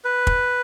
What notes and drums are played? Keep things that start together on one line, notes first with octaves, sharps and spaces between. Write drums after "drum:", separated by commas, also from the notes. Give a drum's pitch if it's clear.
B4
drum: kick